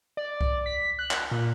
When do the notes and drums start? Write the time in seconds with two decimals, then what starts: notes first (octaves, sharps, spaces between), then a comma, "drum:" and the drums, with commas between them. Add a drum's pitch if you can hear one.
0.17 D5
0.41 drum: kick C2
0.66 B6
0.99 F#6
1.11 drum: clap
1.31 A#2